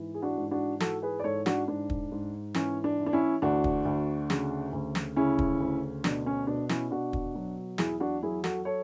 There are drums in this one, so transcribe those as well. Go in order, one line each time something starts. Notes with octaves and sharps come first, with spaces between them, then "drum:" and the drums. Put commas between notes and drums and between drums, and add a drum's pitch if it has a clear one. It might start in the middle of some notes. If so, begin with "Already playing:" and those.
Already playing: G#2 E3
G#4
D4 F#4
G#2
D4 F#4
E3 F#4 A4, drum: snare
G#4 B4
D5
G#2 A4 C#5
D4 F#4, drum: snare
G#2 D4
drum: kick
G#2
E3 C#4, drum: snare
D4
E3
D4
C#4 E4
D2 D4 F#4
drum: kick
D2
C#3, drum: snare
D2
drum: snare
C#3 C#4 E4
drum: kick
D2
B2 D4, drum: snare
C#4
B2 D4
C#4 E4, drum: snare
B2 D4 F#4
drum: kick
F#3
E2 E4 G#4, drum: snare
D4 F#4
F#3 E4 G#4
F#4 A4, drum: snare
A4 C#5